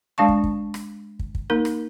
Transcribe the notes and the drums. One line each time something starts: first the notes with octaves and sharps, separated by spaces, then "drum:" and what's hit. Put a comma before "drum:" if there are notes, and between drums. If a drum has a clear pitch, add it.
G#3 D4 F5 A5 C#6
drum: kick
drum: kick
drum: rim click
drum: kick
drum: kick
A#3 D#4 A#4
drum: rim click